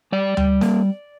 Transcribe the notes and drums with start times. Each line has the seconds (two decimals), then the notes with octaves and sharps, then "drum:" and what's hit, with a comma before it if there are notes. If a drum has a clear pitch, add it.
0.12 G3 D5
0.37 G3, drum: tom D2
0.61 A#3, drum: snare